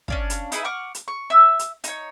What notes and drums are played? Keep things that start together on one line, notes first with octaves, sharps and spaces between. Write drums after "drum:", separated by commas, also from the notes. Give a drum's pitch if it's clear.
C#4 D4 F5, drum: kick
drum: hi-hat
D#4 E4 G#4 B4, drum: hi-hat
F#5 C#6 D6 F6
drum: hi-hat
C#6
E5 E6
drum: hi-hat
D#4 C#5, drum: hi-hat